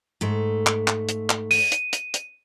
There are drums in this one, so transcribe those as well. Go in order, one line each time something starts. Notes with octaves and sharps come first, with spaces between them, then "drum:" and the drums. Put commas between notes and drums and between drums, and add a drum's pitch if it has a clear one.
G#2 A3
drum: clap
drum: clap
drum: hi-hat
drum: clap
D#7, drum: open hi-hat
drum: hi-hat
drum: hi-hat
drum: hi-hat